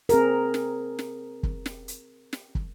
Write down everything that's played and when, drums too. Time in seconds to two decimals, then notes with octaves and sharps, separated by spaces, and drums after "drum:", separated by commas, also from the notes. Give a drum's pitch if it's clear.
0.09 C4 G#4 A#4, drum: hi-hat
0.54 drum: snare
0.99 drum: snare
1.43 drum: kick
1.66 drum: snare
1.88 drum: hi-hat
2.33 drum: snare
2.55 drum: kick